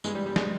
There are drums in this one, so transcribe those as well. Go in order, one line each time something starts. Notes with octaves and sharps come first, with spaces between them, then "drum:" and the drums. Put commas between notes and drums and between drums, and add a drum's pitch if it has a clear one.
G2 E3 G#3, drum: tambourine
G3
G3
G#3, drum: snare